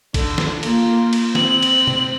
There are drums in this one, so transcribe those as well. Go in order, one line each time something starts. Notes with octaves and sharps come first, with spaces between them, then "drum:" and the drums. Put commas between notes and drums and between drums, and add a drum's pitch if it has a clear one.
D3, drum: kick A1, cymbal
drum: snare
A#3 F4, drum: cymbal
drum: cymbal
C4 F#7, drum: snare
drum: cymbal
drum: tom C3